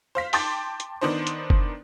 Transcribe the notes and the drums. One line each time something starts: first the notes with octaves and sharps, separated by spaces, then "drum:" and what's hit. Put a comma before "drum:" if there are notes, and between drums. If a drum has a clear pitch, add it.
C5 F5 B6
G5 A5 C6 D6 G6 A6, drum: open hi-hat
drum: hi-hat
D#3 B3 D4 D#4 C5
drum: hi-hat
drum: kick